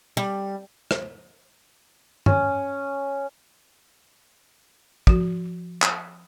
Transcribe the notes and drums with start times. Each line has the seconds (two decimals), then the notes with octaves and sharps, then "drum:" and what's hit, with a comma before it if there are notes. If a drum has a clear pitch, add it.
0.17 G3
0.91 drum: rim click
2.26 C#4, drum: tom G2
5.07 F3 F#4, drum: kick
5.82 drum: clap